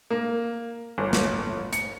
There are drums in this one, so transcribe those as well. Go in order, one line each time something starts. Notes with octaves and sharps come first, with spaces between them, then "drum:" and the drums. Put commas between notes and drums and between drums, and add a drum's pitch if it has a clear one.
A#3
G1
drum: snare
C#7, drum: hi-hat